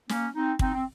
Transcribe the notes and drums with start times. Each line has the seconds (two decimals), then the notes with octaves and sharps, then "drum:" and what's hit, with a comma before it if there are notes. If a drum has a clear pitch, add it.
0.09 A#3 C#4, drum: snare
0.35 C4 D#4
0.59 C4 D#4, drum: kick
0.74 C4